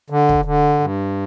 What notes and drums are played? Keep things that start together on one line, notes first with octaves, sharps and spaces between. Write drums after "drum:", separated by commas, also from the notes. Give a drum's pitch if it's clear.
D3
drum: kick
D3
G2